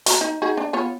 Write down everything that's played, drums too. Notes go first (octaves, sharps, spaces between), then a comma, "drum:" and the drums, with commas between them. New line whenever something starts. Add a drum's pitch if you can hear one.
F#3 F4 A#5, drum: hi-hat
D#4
D#4 F#4 G#4
D4
B3 F4 C#5